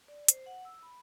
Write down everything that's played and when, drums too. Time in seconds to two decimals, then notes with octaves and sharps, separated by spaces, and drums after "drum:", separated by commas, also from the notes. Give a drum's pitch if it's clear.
0.08 D5
0.28 C5, drum: hi-hat
0.46 F#5
0.65 E6
0.83 B5